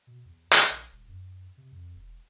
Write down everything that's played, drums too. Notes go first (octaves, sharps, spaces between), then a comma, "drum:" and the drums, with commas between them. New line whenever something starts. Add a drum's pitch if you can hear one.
B2
E2
C#3, drum: clap
A#1
D#1
F#2
C3
F2
E1